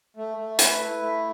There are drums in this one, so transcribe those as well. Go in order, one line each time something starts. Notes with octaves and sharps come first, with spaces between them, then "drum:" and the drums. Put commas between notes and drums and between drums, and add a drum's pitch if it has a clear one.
A3
A3
B4, drum: hi-hat
E4
A3